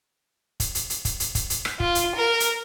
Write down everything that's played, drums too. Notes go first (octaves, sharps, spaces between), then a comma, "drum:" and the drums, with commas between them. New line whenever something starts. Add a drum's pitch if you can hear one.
drum: kick, hi-hat
drum: hi-hat
drum: hi-hat
drum: kick, hi-hat
drum: hi-hat
drum: kick, hi-hat
drum: hi-hat
drum: rim click
F4, drum: kick
drum: hi-hat
A#4
drum: hi-hat